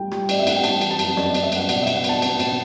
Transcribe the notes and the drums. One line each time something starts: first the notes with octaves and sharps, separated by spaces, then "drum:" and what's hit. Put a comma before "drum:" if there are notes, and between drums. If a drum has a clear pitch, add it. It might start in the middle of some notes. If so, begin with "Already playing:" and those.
Already playing: A2 G3 G5
G3, drum: rim click
A2 D5, drum: cymbal
E5
A2 F#5, drum: cymbal
G5
G3 A5, drum: cymbal
E3, drum: cymbal
A5
F#2, drum: cymbal
F#2 D5, drum: rim click
D5
F#2, drum: cymbal
E5
G3 F#5, drum: cymbal
B2 D5, drum: cymbal
E5
B2, drum: cymbal
F#5
B3 A5, drum: cymbal
B3, drum: cymbal
B2, drum: cymbal